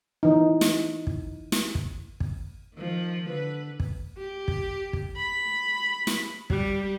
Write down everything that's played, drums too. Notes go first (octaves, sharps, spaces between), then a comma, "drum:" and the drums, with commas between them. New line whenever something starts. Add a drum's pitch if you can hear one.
E3 D#4
drum: snare
drum: kick
drum: snare
drum: kick
drum: kick
D#3 F3
D3 B4
drum: kick
G4
drum: kick
drum: kick
B5
drum: snare
G3, drum: kick